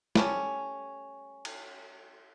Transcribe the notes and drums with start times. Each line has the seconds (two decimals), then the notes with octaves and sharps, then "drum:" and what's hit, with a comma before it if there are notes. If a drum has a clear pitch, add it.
0.15 G3 A3 C#4, drum: snare
1.45 drum: cymbal